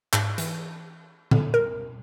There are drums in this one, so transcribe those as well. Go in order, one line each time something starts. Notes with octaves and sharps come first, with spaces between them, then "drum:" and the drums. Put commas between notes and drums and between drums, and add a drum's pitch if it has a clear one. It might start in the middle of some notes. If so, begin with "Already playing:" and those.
G#2, drum: clap
E3, drum: hi-hat
D3, drum: tom A#2
A#4